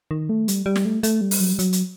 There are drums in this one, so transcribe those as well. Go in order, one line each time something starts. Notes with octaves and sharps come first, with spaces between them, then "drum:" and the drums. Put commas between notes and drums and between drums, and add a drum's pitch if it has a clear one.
D#3
A3
G3, drum: hi-hat
G3
drum: snare
A3
A3, drum: hi-hat
G3
drum: open hi-hat
F#3
G3
F#3, drum: hi-hat
drum: hi-hat